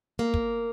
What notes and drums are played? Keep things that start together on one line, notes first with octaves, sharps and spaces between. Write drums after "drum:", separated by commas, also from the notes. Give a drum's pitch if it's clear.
A#3
drum: kick